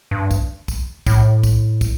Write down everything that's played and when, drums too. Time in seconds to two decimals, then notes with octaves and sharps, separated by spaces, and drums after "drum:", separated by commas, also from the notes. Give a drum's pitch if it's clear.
0.11 G2
0.31 drum: kick, tambourine
0.68 drum: kick, tambourine
1.06 A2, drum: kick, tambourine
1.43 drum: kick, tambourine
1.81 drum: kick, tambourine